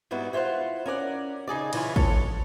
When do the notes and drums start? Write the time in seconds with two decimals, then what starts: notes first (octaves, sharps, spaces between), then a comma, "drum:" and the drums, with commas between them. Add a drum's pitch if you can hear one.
0.11 G#2 G3 B3 E4 F#4
0.33 E4 F4 C5 F5 F#5
0.86 C#4 A#4 D5 F#5
1.47 C#3 D#4 G#4 D5
1.73 C#3 E3 E4 F4 G#5, drum: cymbal
1.96 A4 C#5, drum: kick